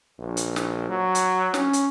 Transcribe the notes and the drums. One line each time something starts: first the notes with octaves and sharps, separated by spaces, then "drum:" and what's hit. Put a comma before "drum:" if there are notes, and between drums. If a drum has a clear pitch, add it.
A#1
drum: hi-hat
drum: snare
F#3
drum: hi-hat
C#4, drum: snare
drum: hi-hat